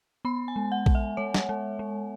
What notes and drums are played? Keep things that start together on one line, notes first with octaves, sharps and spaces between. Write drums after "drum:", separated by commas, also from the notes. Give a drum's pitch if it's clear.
B3 B5
G#5
G#3
F#5
G#3, drum: kick
E5
G#3 C#5
drum: snare
G#3
G#3